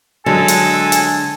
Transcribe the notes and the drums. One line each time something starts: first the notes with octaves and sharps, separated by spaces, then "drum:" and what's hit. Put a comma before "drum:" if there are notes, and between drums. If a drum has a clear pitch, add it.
D3 F#3 G#3 A4 G#5
drum: hi-hat
drum: hi-hat